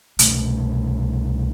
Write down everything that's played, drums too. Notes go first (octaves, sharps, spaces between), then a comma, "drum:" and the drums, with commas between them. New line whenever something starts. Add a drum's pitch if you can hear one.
C2 B2 A3, drum: hi-hat